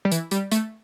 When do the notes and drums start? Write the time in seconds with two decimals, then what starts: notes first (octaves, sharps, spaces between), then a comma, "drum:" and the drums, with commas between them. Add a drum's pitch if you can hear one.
0.05 G3
0.12 E3, drum: hi-hat
0.31 G3, drum: hi-hat
0.51 A3, drum: hi-hat